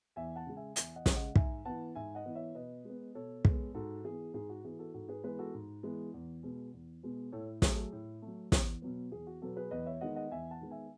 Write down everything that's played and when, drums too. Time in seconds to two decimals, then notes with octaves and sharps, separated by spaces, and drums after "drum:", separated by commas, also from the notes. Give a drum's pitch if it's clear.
0.16 E2 E5 G#5
0.36 F#5 A5
0.46 C#3 G#3
0.56 E5 G#5
0.76 E2 E5 G#5, drum: hi-hat
0.96 D#5 F#5
1.06 C#3 G#3, drum: snare
1.16 D#5 F#5
1.36 G#2 E5 G#5, drum: kick
1.65 E3 B3 F#5 A5
1.95 G#2 E5 G#5
2.15 D#5 F#5
2.25 E3 B3
2.35 C#5 E5
2.55 B2 B4 D#5
2.85 G#3 B3
3.15 B2 A4 C#5
3.45 G#3 B3, drum: kick
3.74 G#2 F#4 A4
4.04 E3 B3 G#4
4.34 G#2 G#4
4.49 F#4
4.64 E3 B3 G#4
4.79 F#4 A4
4.94 G#2 F#4 A4
5.09 G#4 B4
5.24 E3 G#3 B3 G#4 B4
5.39 F#4 A4
5.54 G#2
5.83 E3 G#3 B3
6.14 E2
6.43 B2 G#3 B3
6.73 E2
7.03 B2 G#3 B3
7.32 A2 A4 C#5
7.62 F#3 A3 G#4, drum: snare
7.78 G#4
7.92 A2
8.22 A3
8.27 F#3
8.52 E2, drum: snare
8.82 B2 F#3 B3
9.12 E2 G#4
9.27 F#4
9.42 B2 F#3 B3 F#4 A4
9.56 G#4 B4
9.71 E2 B4 D#5
9.86 C#5 E5
10.01 D#3 G#3 B3 D#5 F#5
10.16 D#5 F#5
10.31 E2 E5 G#5
10.51 F#5 A5
10.61 D#3 G#3 B3
10.71 E5 G#5